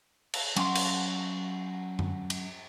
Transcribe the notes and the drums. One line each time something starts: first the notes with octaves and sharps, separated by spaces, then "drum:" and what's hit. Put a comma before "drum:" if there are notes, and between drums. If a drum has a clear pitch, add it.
drum: cymbal
F#3 C#4 F#5 C6, drum: cymbal
drum: cymbal
drum: tom F#2
drum: cymbal